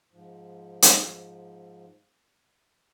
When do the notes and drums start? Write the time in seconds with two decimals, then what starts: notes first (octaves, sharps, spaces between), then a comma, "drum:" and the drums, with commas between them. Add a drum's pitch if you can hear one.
0.13 G#2 F3
0.82 drum: hi-hat